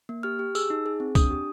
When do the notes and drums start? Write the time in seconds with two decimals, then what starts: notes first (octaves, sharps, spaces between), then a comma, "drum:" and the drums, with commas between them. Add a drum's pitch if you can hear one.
0.09 A#3
0.23 G4 F6
0.39 G4
0.55 G#4 E6, drum: tambourine
0.70 D#4
0.86 G#4
1.00 C4
1.15 D4 D#6, drum: kick C2, tambourine
1.31 G4